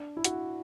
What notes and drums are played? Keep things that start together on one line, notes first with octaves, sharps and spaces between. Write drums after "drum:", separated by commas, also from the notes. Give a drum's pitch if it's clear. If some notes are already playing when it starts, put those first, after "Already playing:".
Already playing: D4
E4
F#4, drum: hi-hat